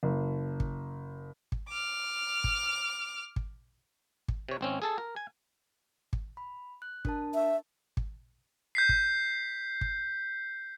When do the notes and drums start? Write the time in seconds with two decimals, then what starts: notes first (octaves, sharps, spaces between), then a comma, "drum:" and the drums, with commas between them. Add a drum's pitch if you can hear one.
0.03 F#1
0.60 drum: kick
1.52 drum: kick
1.69 D6 F6
2.44 drum: kick
3.36 drum: kick
4.28 drum: kick
4.49 C3 C#5
4.61 G#1 C4 C#4
4.82 G#4 A4 A5
4.98 A#4
5.16 G#5
6.13 drum: kick
6.37 B5
6.82 F#6
7.05 D4 A#4 A5, drum: kick
7.34 E5
7.97 drum: kick
8.75 G6 B6 C7
8.89 drum: kick
9.81 drum: kick